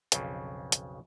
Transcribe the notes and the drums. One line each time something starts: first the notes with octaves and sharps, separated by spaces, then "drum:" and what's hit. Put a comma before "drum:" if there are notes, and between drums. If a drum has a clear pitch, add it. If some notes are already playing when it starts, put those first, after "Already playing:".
B1 F2 C#3, drum: hi-hat
drum: hi-hat